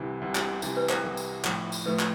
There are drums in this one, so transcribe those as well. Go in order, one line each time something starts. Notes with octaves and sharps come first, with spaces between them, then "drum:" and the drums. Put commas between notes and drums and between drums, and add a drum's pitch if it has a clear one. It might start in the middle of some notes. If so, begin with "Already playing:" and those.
Already playing: C2 C3 E3
C2 C3 E3
drum: clap
C2 C3 E3 E4, drum: tambourine
B4
C5, drum: clap
C2 C3 E3 A4
drum: tambourine
A2 F3 A3 E4, drum: clap
drum: tambourine
A2 F3 A3 E4 B4
drum: clap